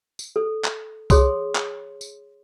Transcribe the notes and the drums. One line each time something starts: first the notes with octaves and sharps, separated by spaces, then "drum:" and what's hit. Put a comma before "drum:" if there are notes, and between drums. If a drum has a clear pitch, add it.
drum: tambourine
A4
drum: clap
G#4 C#5 C6 D#6, drum: kick C2, tambourine
drum: clap
drum: tambourine